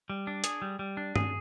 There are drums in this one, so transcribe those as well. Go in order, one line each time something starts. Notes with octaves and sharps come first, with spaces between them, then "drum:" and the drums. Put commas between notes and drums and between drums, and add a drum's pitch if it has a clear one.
G3
D4
G#4, drum: hi-hat
G3
G3
D4
G#4, drum: tom